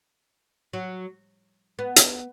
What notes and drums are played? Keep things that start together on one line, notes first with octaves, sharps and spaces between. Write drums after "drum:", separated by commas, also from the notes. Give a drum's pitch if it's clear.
F#3
B3
drum: hi-hat